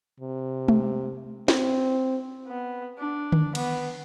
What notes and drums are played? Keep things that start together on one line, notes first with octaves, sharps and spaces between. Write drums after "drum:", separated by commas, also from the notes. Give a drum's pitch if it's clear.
C3
drum: tom G#3
C4, drum: snare
B3
D4
drum: tom D3
B3, drum: cymbal